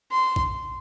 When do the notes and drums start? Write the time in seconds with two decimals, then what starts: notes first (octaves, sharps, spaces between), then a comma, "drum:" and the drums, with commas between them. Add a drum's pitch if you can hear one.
0.11 C6
0.36 drum: kick